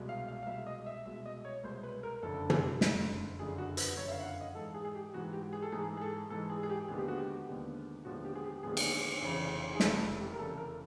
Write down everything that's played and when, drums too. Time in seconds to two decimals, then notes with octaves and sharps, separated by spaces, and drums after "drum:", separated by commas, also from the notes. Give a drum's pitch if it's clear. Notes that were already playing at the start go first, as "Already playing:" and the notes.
Already playing: C2 B2 G#3
0.09 F5
0.28 F5
0.43 F5
0.47 C2 B2 G#3 E5
0.67 D#5
0.86 E5
1.05 C2 B2 G#3 E5
1.26 D#5
1.45 C#5
1.64 C2 B2 G#3 C5
1.83 B4
2.03 A#4
2.23 F#1 F2 D3 A4
2.50 drum: tom
2.81 F#1 F2 D3, drum: snare
3.39 F#1 F2 D3 G#4
3.58 F#4
3.77 B4, drum: hi-hat
3.97 F#1 F2 D3 C#5
4.08 E5
4.11 F5
4.20 F#5
4.26 F5
4.41 D#5
4.55 G#2 E3 G#3 A4
4.74 G#4
4.85 G#4
4.95 G4
5.13 G#2 E3 G#3 F#4
5.33 G4
5.53 G#4
5.62 A4
5.72 G#2 E3 G#3 G#4
5.97 G#4
6.01 A4
6.30 G#2 E3 G#3 A4
6.50 G#4
6.63 G#4
6.69 G4
6.88 D#2 D3 F3 G#3 B3 G#4
6.98 G4
7.08 F#4
7.18 G4
7.47 D#2 D3 F3 G#3 B3
8.05 D#2 D3 F3 G#3 B3 F#4
8.25 G4
8.35 G#4
8.44 G4
8.63 D#2 D3 F3 G#3 B3 G#4
8.77 drum: cymbal
9.22 F1 E2 C#3 E3
9.75 G#4
9.80 F1 E2 C#3 E3 A4, drum: snare
10.20 G4
10.32 A#4
10.38 F1 E2 C#3 E3 A4
10.58 A#4